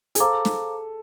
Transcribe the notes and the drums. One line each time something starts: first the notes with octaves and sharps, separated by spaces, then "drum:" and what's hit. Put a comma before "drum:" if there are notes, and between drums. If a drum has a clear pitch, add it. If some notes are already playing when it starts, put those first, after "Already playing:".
G#4, drum: hi-hat
A4 C5 F5 A#5 D6
drum: snare